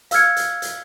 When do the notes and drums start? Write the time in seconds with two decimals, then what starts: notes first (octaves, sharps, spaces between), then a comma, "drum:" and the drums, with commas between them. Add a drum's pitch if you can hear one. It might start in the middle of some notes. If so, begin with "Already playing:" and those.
0.11 F5 E6 F6 G#6 C#7, drum: hi-hat
0.37 drum: hi-hat
0.62 drum: hi-hat